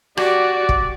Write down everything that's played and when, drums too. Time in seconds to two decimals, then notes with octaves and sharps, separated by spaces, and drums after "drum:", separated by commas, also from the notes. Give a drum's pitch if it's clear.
0.17 F#4 G4 D5, drum: rim click
0.69 drum: kick